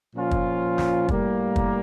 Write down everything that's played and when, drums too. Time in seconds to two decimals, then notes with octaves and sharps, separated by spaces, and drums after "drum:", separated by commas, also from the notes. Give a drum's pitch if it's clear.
0.16 A#2 F3 C#4 F4
0.31 drum: kick
0.78 drum: snare
1.09 A2 G3 A#3, drum: kick
1.56 drum: kick